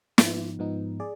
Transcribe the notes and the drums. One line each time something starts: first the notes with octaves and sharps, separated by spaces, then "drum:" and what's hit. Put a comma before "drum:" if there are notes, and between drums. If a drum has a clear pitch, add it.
G#2 F3 B3 D#4, drum: snare
G#2 F3 B3 D#4
G#4 D5